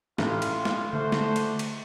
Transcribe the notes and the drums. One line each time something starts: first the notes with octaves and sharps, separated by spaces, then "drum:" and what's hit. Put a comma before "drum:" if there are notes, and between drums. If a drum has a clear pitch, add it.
A1 G2 F4, drum: snare
drum: cymbal
drum: snare
D3 A3 D4 F#4 C5
drum: snare
drum: cymbal
drum: cymbal